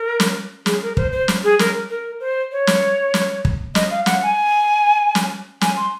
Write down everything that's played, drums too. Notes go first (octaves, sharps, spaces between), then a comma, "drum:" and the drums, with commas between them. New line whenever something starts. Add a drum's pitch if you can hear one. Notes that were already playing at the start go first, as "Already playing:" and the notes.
Already playing: A#4
drum: snare
G#4, drum: snare
A#4
C5, drum: kick
C5
drum: snare
G#4
A#4, drum: snare
A#4
C5
C#5
drum: snare
drum: snare
drum: kick
D#5, drum: snare
F5
F#5, drum: snare
G#5
drum: snare
G#5, drum: snare
C6